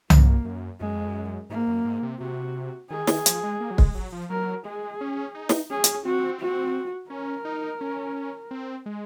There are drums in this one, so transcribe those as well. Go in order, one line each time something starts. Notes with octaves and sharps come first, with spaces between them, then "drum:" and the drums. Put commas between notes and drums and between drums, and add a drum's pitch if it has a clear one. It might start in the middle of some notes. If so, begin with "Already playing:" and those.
F#2 A#3, drum: tom C2
F#2
F#2 G#3
F2
F#2
G#2 A#3
F#2
G#2
C3
C3 F#4
D#3 G#4
D#3, drum: snare
F3, drum: hi-hat
G#3
A#3
F#3
G#3, drum: kick
F#3
F3
F#3 A#4
G#3 G#4
C#4
D#4
drum: snare
C#4 G#4
drum: hi-hat
C4 F#4
F#4
C#4 A#4
D#4
C#4
C4
G#3